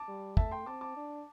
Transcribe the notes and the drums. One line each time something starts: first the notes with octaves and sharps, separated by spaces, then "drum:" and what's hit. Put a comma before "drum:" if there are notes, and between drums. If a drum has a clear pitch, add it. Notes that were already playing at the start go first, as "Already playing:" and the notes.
Already playing: A5 D6
G3
A3 E5 A5, drum: kick
G5 C6
C4 A5 D6
A5 D6
D4